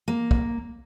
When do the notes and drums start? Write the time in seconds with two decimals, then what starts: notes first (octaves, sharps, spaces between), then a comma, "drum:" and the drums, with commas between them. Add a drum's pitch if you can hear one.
0.08 A#3
0.31 drum: kick